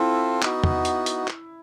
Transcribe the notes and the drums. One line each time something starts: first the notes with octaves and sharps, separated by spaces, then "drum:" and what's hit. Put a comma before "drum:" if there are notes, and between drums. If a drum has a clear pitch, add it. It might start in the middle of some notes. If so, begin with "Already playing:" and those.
Already playing: C4 E4 F4 A4
B3 D#4 F#4, drum: clap
drum: tom
drum: hi-hat
drum: hi-hat
drum: clap